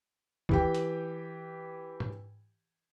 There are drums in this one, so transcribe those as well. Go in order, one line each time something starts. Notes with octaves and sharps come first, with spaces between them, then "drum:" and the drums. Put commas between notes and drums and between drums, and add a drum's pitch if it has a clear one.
E3 G4 G5, drum: kick
drum: hi-hat
drum: tom G#2